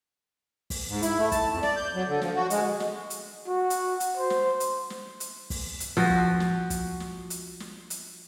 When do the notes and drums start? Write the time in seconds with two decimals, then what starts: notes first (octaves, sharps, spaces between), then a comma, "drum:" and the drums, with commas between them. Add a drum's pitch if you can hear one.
0.70 drum: kick, open hi-hat
0.89 G#2
1.02 E4, drum: hi-hat
1.18 A3
1.32 A5, drum: kick, hi-hat
1.51 F2
1.63 D5, drum: snare
1.76 G6
1.95 F#3
2.08 D3
2.22 F3, drum: snare
2.36 F#4
2.50 G#3, drum: hi-hat
2.80 drum: snare
3.10 drum: hi-hat
3.47 F#4
3.70 drum: hi-hat
4.00 drum: hi-hat
4.17 C5
4.30 drum: snare
4.60 drum: hi-hat
4.90 drum: snare
5.20 drum: hi-hat
5.50 drum: kick, open hi-hat
5.80 drum: hi-hat
5.97 F3 F#4
6.10 drum: kick
6.40 drum: snare
6.70 drum: kick, hi-hat
7.00 drum: snare
7.30 drum: hi-hat
7.60 drum: snare
7.90 drum: hi-hat